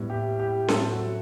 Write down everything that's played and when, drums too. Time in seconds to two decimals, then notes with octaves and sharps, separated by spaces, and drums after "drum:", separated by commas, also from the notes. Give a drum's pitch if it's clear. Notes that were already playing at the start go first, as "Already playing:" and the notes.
Already playing: A2 G3 B3
0.10 G4
0.39 G4
0.68 A2 F#3 C4 A4, drum: snare C#4
0.91 F#4